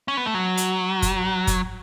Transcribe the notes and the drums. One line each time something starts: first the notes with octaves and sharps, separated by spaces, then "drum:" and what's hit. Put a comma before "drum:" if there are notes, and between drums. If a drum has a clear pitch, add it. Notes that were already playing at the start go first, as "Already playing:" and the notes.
C#4
B3
A3
F#3
drum: hi-hat
drum: kick, hi-hat
drum: kick, hi-hat